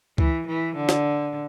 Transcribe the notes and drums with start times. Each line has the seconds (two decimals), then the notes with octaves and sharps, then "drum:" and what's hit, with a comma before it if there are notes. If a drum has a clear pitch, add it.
0.18 E3, drum: kick C#2
0.47 E3
0.76 D3
0.89 drum: snare